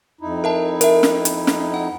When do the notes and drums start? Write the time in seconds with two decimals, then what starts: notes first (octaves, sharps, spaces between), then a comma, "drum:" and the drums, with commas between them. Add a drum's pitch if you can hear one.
0.21 F2 D#4 E4
0.44 A#4 E5 A5
0.81 A#4 E5, drum: hi-hat
1.03 drum: snare
1.25 drum: hi-hat
1.47 drum: snare
1.74 F#5